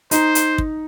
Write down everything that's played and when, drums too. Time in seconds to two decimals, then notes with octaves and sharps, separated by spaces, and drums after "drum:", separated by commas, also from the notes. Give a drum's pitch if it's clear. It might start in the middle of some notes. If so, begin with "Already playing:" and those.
0.11 D#4 C5, drum: hi-hat
0.35 drum: hi-hat
0.58 drum: kick